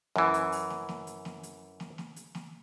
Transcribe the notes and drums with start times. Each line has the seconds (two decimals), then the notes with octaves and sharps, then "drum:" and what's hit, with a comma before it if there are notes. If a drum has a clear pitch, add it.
0.16 F#2 E3, drum: snare
0.34 drum: hi-hat
0.52 drum: open hi-hat
0.70 drum: snare
0.89 drum: snare
1.07 drum: hi-hat
1.25 drum: snare
1.43 drum: hi-hat
1.80 drum: snare
1.98 drum: snare
2.16 drum: hi-hat
2.35 drum: snare